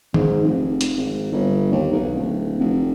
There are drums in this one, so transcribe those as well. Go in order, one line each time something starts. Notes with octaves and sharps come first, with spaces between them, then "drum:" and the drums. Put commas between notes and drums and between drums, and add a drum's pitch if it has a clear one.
G#2, drum: tom D#3
F1
drum: hi-hat
G#1
G1
D#2
B1
D1
F1